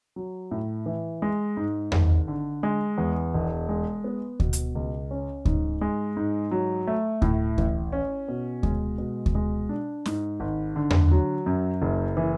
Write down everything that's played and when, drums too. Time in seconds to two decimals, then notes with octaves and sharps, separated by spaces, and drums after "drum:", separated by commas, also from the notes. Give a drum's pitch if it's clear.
0.16 F#3
0.51 A2
0.86 E3
1.22 G#3
1.57 G#2
1.92 G#1, drum: tom E2
2.28 D3
2.63 G#3
2.98 E2
3.34 E1
3.69 G#3
4.04 B3
4.40 B2, drum: kick D2
4.53 drum: hi-hat
4.75 C#2
5.11 C#4
5.45 G#2, drum: kick D2
5.81 G#3
6.17 G#2
6.51 F#3
6.87 A3
7.22 A2, drum: kick D2
7.58 A1, drum: kick D2
7.92 C#4
8.28 B2
8.63 G#3, drum: kick D2
8.98 B2
9.26 drum: kick D2
9.35 G#3
9.69 D4
10.06 G#2, drum: snare
10.40 G#1
10.76 D3
10.91 drum: tom E2
11.11 F#3
11.46 F#2
11.82 F#1
12.17 E3